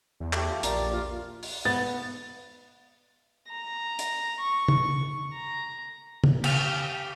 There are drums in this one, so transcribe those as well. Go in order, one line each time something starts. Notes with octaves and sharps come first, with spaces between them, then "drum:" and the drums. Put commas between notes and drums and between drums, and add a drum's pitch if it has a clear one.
E2
A3 G4, drum: clap
F4
A#1 A#4 D5, drum: hi-hat
F4
drum: open hi-hat
B3 A6
A#5
drum: hi-hat
C#6
drum: tom
A#5
drum: tom
G4 F5, drum: cymbal